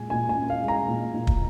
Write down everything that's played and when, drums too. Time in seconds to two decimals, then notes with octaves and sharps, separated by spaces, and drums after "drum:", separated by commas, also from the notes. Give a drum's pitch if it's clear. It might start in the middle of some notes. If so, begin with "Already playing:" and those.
Already playing: A#2 G#3 G#5
0.10 A#2 G#5
0.29 G#5
0.36 C#4
0.50 F5
0.62 G#3
0.68 A#5
0.88 A#2
1.14 A#2
1.27 drum: kick